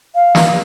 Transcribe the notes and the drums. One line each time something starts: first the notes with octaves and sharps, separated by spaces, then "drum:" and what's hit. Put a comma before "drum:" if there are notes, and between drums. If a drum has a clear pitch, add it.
F5
drum: snare